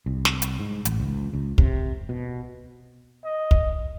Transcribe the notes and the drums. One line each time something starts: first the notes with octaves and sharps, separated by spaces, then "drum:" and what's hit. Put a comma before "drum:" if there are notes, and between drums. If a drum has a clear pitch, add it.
C2
drum: snare
drum: hi-hat
G#2
A1, drum: hi-hat
C#2
C#2
C3, drum: kick
B2
D#5
drum: kick